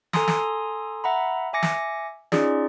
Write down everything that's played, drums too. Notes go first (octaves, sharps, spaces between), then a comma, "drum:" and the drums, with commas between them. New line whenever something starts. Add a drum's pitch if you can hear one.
A4 G#5 A#5 C6 D#6, drum: snare
drum: snare
E5 F#5 A#5 B5
E5 G#5 D6 A#6 C#7
drum: snare
C#4 D#4 F4 G#4 D5, drum: snare